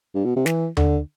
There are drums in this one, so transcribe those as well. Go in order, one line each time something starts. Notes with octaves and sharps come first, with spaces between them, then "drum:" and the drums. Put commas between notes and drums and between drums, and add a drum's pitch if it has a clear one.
G2
B2
C3
E3, drum: snare
D3, drum: tom D#2